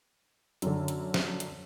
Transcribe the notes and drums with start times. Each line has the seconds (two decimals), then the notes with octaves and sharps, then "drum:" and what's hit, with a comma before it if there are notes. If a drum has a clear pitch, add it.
0.62 F#2 D3, drum: hi-hat
0.88 drum: hi-hat
1.14 drum: snare
1.40 drum: hi-hat